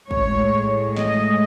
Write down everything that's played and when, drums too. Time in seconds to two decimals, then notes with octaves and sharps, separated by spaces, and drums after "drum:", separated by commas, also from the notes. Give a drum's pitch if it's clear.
0.11 A2 G#3 C#5, drum: kick
0.96 D#5, drum: snare